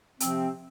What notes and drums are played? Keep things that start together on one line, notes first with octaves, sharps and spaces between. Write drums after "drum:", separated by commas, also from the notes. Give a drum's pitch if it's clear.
C3 F3 C4, drum: hi-hat